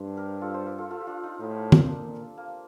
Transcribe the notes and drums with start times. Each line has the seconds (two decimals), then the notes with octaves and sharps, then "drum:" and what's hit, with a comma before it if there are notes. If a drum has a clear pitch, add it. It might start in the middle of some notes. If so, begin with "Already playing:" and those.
Already playing: G2 C5
0.17 G4 A#4
0.41 F4 A4
0.54 A4 C5
0.66 G4 A#4
0.78 F4 A4
0.91 F4 A4
1.00 G4
1.07 D4 F4
1.24 D#4
1.40 A2 D#4
1.72 drum: tom D#3
1.89 A#2 D4
2.38 A#3